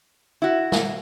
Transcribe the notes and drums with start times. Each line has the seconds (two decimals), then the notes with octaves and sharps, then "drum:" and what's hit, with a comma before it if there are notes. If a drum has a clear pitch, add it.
0.42 E4 F#4
0.72 drum: snare